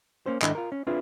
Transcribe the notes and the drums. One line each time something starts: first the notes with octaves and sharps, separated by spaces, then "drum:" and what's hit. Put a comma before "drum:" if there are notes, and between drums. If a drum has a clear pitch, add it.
A#3 C#4 C5
G#2 D#3 D4 E4 A4 D#5, drum: clap
F4 A#4
C#4
C4 D4 E4 F4 G#4 B4